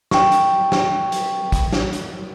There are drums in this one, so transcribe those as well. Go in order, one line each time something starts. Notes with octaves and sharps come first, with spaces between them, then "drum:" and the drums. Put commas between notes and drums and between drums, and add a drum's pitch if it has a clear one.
G5 C#6, drum: snare
drum: hi-hat
drum: snare
drum: hi-hat
drum: kick A#1, hi-hat
drum: snare
drum: hi-hat